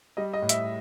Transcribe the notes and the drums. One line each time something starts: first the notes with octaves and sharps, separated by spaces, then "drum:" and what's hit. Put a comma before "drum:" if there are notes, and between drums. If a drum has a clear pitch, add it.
G3 D#5
D#5
A2
E5, drum: hi-hat